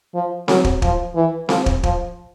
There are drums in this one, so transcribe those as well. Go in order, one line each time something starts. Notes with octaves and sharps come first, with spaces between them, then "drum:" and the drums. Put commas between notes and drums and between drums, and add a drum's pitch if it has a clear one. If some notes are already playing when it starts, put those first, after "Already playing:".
F3
F#3, drum: snare C4
drum: kick
F3, drum: kick
E3
F3, drum: snare C4
drum: kick
F3, drum: kick